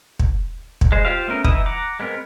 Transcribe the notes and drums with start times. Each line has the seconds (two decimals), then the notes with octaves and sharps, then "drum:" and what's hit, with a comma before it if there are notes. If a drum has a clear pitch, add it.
0.19 drum: kick
0.81 drum: kick
0.92 G#3 C5
1.05 F4 G4 C5 F5
1.28 A3 B3 C#4 A#4
1.44 E3 D#4 E4 D#6, drum: kick
1.66 F#5 A#5 D6
2.00 G#3 B3 C4 A#4